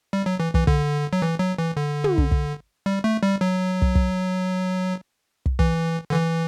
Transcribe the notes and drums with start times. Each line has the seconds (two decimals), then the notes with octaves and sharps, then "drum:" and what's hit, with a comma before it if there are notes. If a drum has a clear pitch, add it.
0.13 G3
0.26 F#3
0.40 E3
0.54 E3, drum: kick
0.67 D3, drum: kick
1.13 F#3
1.22 E3
1.40 F#3
1.58 E3
1.77 D3
2.04 drum: tom
2.18 drum: kick
2.31 drum: kick
2.86 G3
3.04 A3
3.23 G3
3.41 F#3
3.82 drum: kick
3.95 drum: kick
5.46 drum: kick
5.59 E3, drum: kick
6.10 D3
6.13 E3